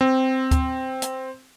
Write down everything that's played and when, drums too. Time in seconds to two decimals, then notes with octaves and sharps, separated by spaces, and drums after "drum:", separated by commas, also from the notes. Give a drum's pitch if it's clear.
0.01 C4
0.51 drum: kick D2, hi-hat
1.02 drum: hi-hat